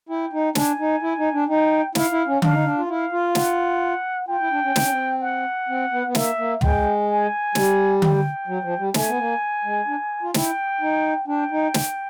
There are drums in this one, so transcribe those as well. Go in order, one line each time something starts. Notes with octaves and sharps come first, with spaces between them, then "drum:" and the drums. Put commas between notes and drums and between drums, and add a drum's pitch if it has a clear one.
E4 G5
D#4
D4 G#5, drum: snare
D#4
E4
D#4
D4
D#4 G5
E4 F5, drum: snare
E4
C#4
D4 F5, drum: tom D3
D#4
D4
F4
E4 F5
F4
F#5, drum: snare
F4 G5
E4
D4
C#4
C4, drum: snare
C#4
C4
F#5
C4
B3
B3
A#3 E5, drum: snare
A#3
G#3 G5, drum: tom
G#5
G3, drum: snare
G5, drum: tom D3
F#3
F3
G3
A3 G#5, drum: snare
B3
A#3
G#3
D4
F4
E4 G5, drum: snare
D#4
D4 G5
D#4
drum: snare